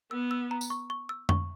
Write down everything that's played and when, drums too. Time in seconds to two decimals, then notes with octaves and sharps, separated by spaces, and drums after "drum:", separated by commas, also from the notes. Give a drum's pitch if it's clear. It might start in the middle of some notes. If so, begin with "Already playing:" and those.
0.11 B3 E6
0.31 E6
0.51 A#5
0.61 drum: tambourine
0.70 C#6
0.90 C#6
1.09 E6
1.29 C#6, drum: tom F2